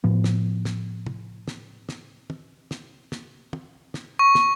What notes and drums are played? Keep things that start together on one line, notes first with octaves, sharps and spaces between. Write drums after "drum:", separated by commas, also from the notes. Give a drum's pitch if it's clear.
A2 F3 B3
drum: snare
drum: snare
drum: tom
drum: snare
drum: snare
drum: tom
drum: snare
drum: snare
drum: tom
drum: snare
C#6
drum: snare